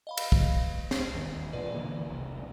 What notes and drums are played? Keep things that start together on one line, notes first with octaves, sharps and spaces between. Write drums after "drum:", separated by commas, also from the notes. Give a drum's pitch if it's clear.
D#5 F5 B5
drum: cymbal
drum: kick
C7, drum: snare
E1 D#2
A#1 B2 F3 B4 D5
D3 E3 A#3
E1 C2